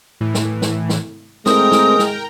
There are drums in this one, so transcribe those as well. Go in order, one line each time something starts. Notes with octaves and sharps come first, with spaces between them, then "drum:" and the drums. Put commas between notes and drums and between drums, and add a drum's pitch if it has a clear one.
A2 E3
drum: snare
drum: snare
drum: snare
G#3 A3 C4 A#4 G5 A#5 D#6, drum: snare
drum: snare
drum: snare